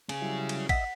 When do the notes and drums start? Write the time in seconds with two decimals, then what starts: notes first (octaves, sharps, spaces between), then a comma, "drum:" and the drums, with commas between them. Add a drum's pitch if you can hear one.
0.09 C#4 G#4, drum: cymbal
0.22 F#3 G3 E4
0.49 drum: cymbal
0.69 D#5 E5 F#5 B6, drum: kick, cymbal